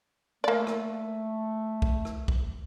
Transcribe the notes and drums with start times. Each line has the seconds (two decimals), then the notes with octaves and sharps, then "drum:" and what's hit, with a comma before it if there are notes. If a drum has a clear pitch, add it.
0.44 A3 A#3 D5
0.67 drum: rim click
1.82 drum: kick B1
2.05 drum: rim click
2.28 drum: kick B1